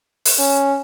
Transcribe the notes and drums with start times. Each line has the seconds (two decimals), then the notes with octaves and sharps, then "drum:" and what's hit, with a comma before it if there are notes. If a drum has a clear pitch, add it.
0.26 drum: open hi-hat
0.39 C#4